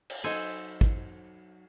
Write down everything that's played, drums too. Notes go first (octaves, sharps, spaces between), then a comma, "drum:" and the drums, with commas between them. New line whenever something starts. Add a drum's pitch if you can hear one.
drum: cymbal
F#3 D#4 A4 C5 D#5 G#5
drum: kick